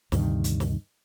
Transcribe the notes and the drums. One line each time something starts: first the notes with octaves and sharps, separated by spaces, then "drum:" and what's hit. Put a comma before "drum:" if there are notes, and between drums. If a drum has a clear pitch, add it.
D2 G2 C3 D#3, drum: snare
drum: hi-hat
drum: snare